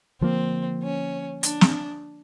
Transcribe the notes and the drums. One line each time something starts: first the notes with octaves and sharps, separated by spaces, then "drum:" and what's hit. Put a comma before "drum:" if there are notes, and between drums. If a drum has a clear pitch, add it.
D3 F3 A#3 C4
C#4
D4, drum: hi-hat
drum: snare